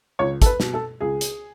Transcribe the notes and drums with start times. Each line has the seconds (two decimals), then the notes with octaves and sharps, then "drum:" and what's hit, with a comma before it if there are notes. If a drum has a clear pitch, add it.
0.19 C#2 C#5
0.42 A4, drum: kick, hi-hat
0.46 B4
0.60 B2, drum: snare
0.74 A4
1.01 C#2 G#4
1.21 drum: hi-hat